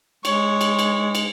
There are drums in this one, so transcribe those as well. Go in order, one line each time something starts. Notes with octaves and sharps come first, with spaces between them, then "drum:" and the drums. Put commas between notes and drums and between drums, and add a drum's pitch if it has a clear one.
G#3 C#5, drum: cymbal
drum: cymbal
drum: cymbal
drum: cymbal